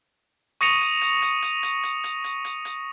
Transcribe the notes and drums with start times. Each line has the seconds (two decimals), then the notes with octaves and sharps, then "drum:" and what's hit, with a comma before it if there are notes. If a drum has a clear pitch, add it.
0.61 C#6 D#6 A#6 C#7 D#7 F7, drum: hi-hat
0.81 drum: hi-hat
1.02 drum: hi-hat
1.22 drum: hi-hat
1.42 drum: hi-hat
1.63 drum: hi-hat
1.83 drum: hi-hat
2.04 drum: hi-hat
2.24 drum: hi-hat
2.45 drum: hi-hat
2.65 drum: hi-hat